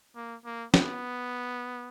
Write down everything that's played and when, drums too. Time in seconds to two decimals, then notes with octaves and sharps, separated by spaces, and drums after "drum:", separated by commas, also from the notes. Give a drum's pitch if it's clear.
0.15 A#3
0.45 A#3
0.74 B3, drum: snare